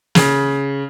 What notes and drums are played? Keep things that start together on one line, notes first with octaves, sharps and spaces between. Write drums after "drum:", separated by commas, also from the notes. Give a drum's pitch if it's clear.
C#3, drum: snare